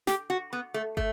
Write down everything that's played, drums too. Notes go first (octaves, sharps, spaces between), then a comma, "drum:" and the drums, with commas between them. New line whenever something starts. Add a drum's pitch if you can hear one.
G4, drum: snare
F#4
B3
A3
A3, drum: kick